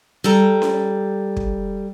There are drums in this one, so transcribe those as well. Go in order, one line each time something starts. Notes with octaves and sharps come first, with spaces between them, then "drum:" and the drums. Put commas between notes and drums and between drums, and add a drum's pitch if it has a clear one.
G3 A4 A#5
drum: snare C#4
drum: kick